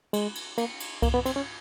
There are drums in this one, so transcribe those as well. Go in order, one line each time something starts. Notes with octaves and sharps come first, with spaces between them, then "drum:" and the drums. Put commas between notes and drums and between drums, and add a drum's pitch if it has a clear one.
G#3, drum: cymbal
drum: cymbal
A#3, drum: cymbal
drum: cymbal
A#3, drum: kick C2, cymbal
B3
C4, drum: cymbal
C#4